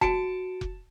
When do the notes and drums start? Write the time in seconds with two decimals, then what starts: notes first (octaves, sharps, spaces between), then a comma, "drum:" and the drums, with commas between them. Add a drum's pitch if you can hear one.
0.01 F#4 A5 C#7 D7, drum: kick F1
0.61 drum: kick F1